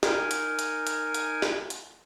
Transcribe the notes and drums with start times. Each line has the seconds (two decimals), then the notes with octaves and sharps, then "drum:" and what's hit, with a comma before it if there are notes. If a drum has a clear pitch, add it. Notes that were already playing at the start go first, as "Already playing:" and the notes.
0.03 D#4 A#4 G#5, drum: snare
0.31 drum: hi-hat
0.59 drum: hi-hat
0.87 drum: hi-hat
1.14 drum: hi-hat
1.42 drum: snare
1.70 drum: hi-hat